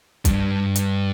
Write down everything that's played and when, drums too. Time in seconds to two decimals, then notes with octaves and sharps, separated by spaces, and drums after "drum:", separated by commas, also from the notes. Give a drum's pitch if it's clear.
0.25 G2, drum: kick, hi-hat
0.75 drum: hi-hat